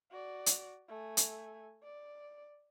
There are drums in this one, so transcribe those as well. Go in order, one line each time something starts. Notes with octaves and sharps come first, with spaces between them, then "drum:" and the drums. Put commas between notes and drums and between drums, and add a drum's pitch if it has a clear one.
F#4 D5
drum: hi-hat
A3 G#5
drum: hi-hat
D5